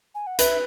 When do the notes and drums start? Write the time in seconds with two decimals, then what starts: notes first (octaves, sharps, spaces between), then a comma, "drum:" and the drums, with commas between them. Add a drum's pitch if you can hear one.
0.15 G#5
0.27 F#5
0.39 B4 E5, drum: hi-hat